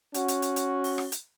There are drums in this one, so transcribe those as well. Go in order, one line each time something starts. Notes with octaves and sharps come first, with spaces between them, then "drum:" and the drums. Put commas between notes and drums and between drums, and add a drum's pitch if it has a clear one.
C#4 F#4, drum: hi-hat
drum: hi-hat
drum: hi-hat
drum: hi-hat
drum: open hi-hat
drum: rim click
drum: hi-hat